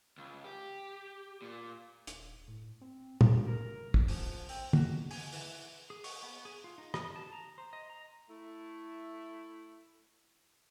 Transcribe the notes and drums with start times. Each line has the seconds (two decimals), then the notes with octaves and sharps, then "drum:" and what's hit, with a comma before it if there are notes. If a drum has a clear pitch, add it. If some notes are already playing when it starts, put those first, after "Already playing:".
0.18 C#2
0.44 G4
1.42 A#2
2.07 D#1, drum: hi-hat
2.48 A2
2.81 C4
3.21 drum: tom
3.47 A#4
3.94 drum: kick
4.08 F3, drum: open hi-hat
4.49 C4, drum: open hi-hat
4.73 F#4, drum: tom
5.11 G#5, drum: open hi-hat
5.33 E3, drum: open hi-hat
5.90 G#4
6.04 C#6, drum: open hi-hat
6.23 B3
6.45 G#4
6.64 F4
6.78 D#4
6.94 D#6, drum: rim click
7.16 A5
7.33 A#5
7.58 C5
7.73 D#5
7.90 A#5
8.29 A3 E4